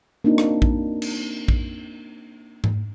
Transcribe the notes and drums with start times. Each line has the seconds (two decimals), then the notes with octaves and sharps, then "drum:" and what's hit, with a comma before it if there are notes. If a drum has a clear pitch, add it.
0.24 A#3 C4 D4 D#4 F#4
0.38 drum: rim click
0.62 drum: kick A#1
1.02 drum: cymbal
1.48 drum: kick A#1
2.64 drum: tom G#2